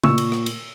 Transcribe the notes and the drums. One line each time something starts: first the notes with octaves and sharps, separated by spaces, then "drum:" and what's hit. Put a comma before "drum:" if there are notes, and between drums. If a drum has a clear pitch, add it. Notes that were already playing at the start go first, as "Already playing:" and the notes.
A#2 C#6 E6, drum: tom C#3
drum: cymbal
drum: rim click
drum: cymbal